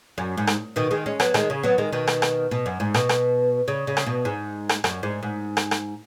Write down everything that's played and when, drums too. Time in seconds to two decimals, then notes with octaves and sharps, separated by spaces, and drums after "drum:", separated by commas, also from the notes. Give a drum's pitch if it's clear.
0.18 F#2
0.37 G#2
0.47 drum: rim click
0.76 B2 D#3
0.91 D#3 G#3
1.06 G#3 C#4
1.20 F#3 B3, drum: rim click
1.34 D#3 G#3, drum: rim click
1.50 C#3
1.63 F#3 B3
1.78 D#3 G#3
1.92 B2 D#3
2.07 drum: rim click
2.22 drum: rim click
2.51 B2
2.66 F#2
2.80 G#2
2.94 B2, drum: rim click
3.09 drum: rim click
3.68 C#3
3.87 C#3
3.97 drum: rim click
4.06 B2
4.25 G#2
4.69 drum: rim click
4.84 F#2, drum: rim click
5.03 G#2
5.23 G#2
5.57 drum: rim click
5.71 drum: rim click